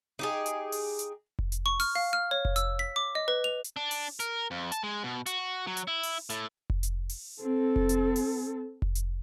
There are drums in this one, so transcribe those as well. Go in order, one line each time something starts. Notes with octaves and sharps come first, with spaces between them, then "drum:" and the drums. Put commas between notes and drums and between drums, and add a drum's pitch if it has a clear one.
D#4 G4 G#4
drum: hi-hat
drum: open hi-hat
drum: hi-hat
drum: kick F1
drum: hi-hat
C#6
F6, drum: open hi-hat
F5
F6
C#5
drum: kick F1
E6, drum: hi-hat
B6
D6
D#5
B4
F7
drum: hi-hat
D4
drum: open hi-hat
A#4, drum: hi-hat
F2
A5, drum: hi-hat
G#3
B2
F#4, drum: hi-hat
F#3
drum: hi-hat
E4
drum: open hi-hat
A2, drum: hi-hat
drum: kick F1
drum: hi-hat
drum: open hi-hat
C4 A4
drum: kick F1
drum: hi-hat
drum: open hi-hat
drum: kick F1
drum: hi-hat